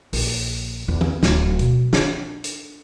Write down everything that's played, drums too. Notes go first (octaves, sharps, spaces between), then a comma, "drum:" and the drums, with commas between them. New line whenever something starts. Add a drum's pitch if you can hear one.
A#1, drum: open hi-hat
E2
drum: tom
D1, drum: snare
B2, drum: hi-hat
D4, drum: snare
drum: hi-hat